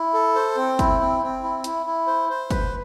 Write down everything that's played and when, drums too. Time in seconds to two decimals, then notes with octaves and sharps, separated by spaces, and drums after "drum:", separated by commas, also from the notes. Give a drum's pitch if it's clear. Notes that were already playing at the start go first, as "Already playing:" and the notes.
Already playing: E4
0.14 A4
0.35 C5
0.57 C4
0.79 E4, drum: kick, hi-hat
1.00 C4
1.22 C4
1.43 E4
1.64 E4, drum: hi-hat
1.86 E4
2.07 C5
2.29 C5
2.51 B4, drum: kick, hi-hat